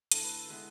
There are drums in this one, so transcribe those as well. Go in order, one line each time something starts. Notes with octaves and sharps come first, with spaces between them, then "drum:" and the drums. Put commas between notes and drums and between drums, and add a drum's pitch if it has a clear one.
D3 A3 E4 A4, drum: hi-hat
B4
D3 G#3 B3 E4